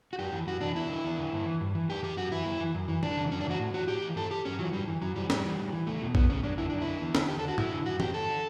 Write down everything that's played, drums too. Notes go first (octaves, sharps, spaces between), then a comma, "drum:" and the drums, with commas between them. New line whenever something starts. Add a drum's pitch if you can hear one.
F#4
F#2 G4
E3
F#2 F#4
E3 D4
E2 E4
D3
E2
D3
G2
E3
G2
E3
F#2 G4
E3 G4
F#2 F#4
E3 E4
F#2
E3
F#2
E3
F#2 D4, drum: tom
C#3 E3
F#2 C#4
D4
C#3 E3
F#4
A2
E3 F#4
A2 G4
E3
G2 A4
E3 G4
G2 C#4
E3 F#3
F#2 G3
E3
F#2 F#3
E3 G3
A2 G3, drum: snare
E3
A2
E3
E2 A3
B2
E2 B3, drum: kick A#1
B2 C#4
F#2 D4
D3 E4
F#2 D4
D3 E4
E2
D3, drum: snare
E2 G4
A4
D3 F#4
F#2 E4, drum: tom
D3
F#2 F#4
D3 G4, drum: tom
G2 A4
D3